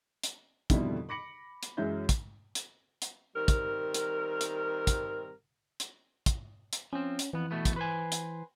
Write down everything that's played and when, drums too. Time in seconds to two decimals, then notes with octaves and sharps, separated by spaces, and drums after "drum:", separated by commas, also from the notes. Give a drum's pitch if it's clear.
0.23 drum: hi-hat
0.70 F2 B2 D3 D#3 G3 E4, drum: kick, hi-hat
1.09 B5 D6 A#6 C#7 F#7
1.63 drum: hi-hat
1.77 F#2 E3 F#3 G#3 E5 G6
2.09 drum: kick, hi-hat
2.55 drum: hi-hat
3.02 drum: hi-hat
3.35 D#3 G3 C4 A#4
3.48 drum: kick, hi-hat
3.94 drum: hi-hat
4.41 drum: hi-hat
4.87 drum: kick, hi-hat
5.80 drum: hi-hat
6.26 drum: kick, hi-hat
6.73 drum: hi-hat
6.93 F3 C4 C#4
7.19 drum: hi-hat
7.33 F2 E3 B3
7.51 B2 A3 B3
7.65 drum: kick, hi-hat
7.76 B4 C5 G#5
8.12 drum: hi-hat